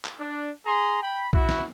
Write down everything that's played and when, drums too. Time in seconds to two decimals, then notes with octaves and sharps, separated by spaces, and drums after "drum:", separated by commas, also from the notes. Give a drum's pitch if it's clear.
0.05 drum: clap
0.20 D4
0.66 G#4 A#5 C6
1.02 G5 B5
1.33 E4 F#4, drum: kick B1
1.49 drum: snare